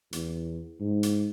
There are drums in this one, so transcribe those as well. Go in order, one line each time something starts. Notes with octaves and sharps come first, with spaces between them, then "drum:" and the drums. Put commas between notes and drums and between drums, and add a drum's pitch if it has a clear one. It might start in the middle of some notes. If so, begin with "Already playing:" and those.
E2, drum: hi-hat
G#2
drum: hi-hat